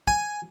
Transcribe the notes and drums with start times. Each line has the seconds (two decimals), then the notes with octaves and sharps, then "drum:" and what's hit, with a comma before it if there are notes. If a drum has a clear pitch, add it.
0.07 G#5, drum: kick